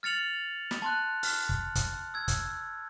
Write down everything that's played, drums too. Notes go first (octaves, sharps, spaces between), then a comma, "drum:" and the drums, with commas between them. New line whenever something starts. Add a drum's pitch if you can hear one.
F6 A6 C#7 F7 F#7
drum: snare
A5 C6 F#6
F6, drum: open hi-hat
drum: kick
drum: kick, hi-hat
E6 G#6
drum: kick, hi-hat